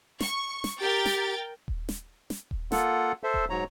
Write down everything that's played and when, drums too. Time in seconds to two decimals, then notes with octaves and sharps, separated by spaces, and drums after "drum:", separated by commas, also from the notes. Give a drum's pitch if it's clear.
0.20 C#6, drum: snare
0.64 drum: snare
0.80 G4 A#4 G5 A6
1.05 drum: snare
1.68 drum: kick D#1
1.89 drum: snare
2.30 drum: snare
2.51 drum: kick D#1
2.72 A#3 F4 A4 F#5, drum: snare
3.24 A4 C5 E5
3.34 drum: kick D#1
3.50 G#2 F#3 C#5 A#5